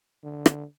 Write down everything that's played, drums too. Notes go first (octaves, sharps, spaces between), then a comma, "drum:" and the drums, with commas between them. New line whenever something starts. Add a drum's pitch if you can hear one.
D3
drum: rim click